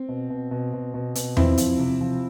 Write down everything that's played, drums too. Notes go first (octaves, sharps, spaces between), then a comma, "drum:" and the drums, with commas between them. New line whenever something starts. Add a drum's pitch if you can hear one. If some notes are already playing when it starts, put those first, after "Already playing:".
Already playing: C4
B2
B2
B2
B2
B2
B2, drum: hi-hat
F3 C4 E4, drum: tom E2
F3, drum: hi-hat
C3
F3